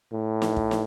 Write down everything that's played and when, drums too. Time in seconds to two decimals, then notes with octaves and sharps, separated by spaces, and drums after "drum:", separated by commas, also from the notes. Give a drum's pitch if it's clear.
0.12 A2
0.42 drum: snare
0.56 drum: kick
0.71 drum: snare